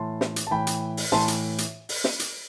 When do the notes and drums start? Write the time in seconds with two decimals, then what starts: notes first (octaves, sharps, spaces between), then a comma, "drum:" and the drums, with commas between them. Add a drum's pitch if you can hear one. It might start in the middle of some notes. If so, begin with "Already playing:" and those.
Already playing: A2 E3 A5 C6
0.21 drum: snare
0.36 drum: hi-hat
0.47 A5
0.51 A2 E3 G5 B5
0.67 drum: hi-hat
0.97 drum: open hi-hat
1.12 A2 E3 A5 C6, drum: snare
1.28 drum: hi-hat
1.58 drum: hi-hat
1.89 drum: open hi-hat
2.04 drum: snare
2.19 drum: hi-hat